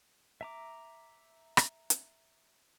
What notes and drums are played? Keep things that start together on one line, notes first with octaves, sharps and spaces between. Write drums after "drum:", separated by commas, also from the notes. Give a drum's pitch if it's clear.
E5 A#5 D6
drum: rim click
drum: hi-hat